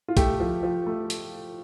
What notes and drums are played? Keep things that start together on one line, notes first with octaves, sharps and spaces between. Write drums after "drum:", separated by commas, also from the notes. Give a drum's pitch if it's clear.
F4
A3 G4, drum: kick B1, hi-hat
F3
F3
A3
drum: hi-hat